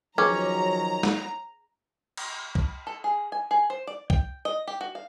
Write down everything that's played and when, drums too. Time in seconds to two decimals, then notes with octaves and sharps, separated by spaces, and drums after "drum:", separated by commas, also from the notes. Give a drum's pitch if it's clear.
0.18 D#3 F3 F#3 C#4 G#4 B4 A#5 D6
1.03 drum: snare
2.17 drum: cymbal
2.55 drum: kick
2.87 A4
3.04 G#4
3.32 G#5
3.51 G#4
3.70 C5
3.87 D5
4.10 G5, drum: kick
4.45 D#5
4.68 G4
4.81 F#4
4.95 F5